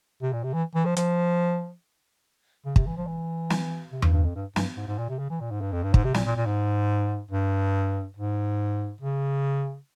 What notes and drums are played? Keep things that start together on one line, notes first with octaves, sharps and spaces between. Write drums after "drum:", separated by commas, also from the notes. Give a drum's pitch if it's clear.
C3
A#2
C3
E3
E3
F3
F3, drum: hi-hat
C#3
C3, drum: kick
E3
F3
E3
drum: snare
C3
G2, drum: tom E2
G2
F2
G2
G2, drum: snare
G#2
G#2
A#2
C3
C#3
E3
A#2
G#2
G2
F2
G2
G#2, drum: kick
C3
A#2, drum: snare
A#2
A#2
G#2
G2
G#2
C#3